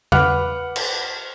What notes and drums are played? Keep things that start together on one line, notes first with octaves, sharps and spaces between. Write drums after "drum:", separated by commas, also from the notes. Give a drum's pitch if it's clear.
B4 F#5 B5 D6 F6 F#6, drum: tom E2
drum: cymbal